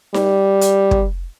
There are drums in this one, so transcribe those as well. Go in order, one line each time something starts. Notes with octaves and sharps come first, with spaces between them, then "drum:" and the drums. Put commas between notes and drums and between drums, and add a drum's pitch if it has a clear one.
G3, drum: snare D#4
drum: hi-hat
drum: kick